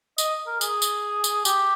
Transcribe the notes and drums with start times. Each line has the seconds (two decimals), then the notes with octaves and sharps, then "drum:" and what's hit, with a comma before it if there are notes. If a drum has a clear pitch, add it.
0.18 D#5, drum: tambourine
0.47 A#4
0.61 G#4, drum: tambourine
0.82 drum: tambourine
1.24 drum: tambourine
1.45 G4, drum: tambourine